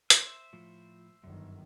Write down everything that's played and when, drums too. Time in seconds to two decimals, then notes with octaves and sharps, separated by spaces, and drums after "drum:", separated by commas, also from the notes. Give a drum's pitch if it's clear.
0.10 C5 E5, drum: hi-hat
0.53 A2 F3
1.24 G1 F#2 D#3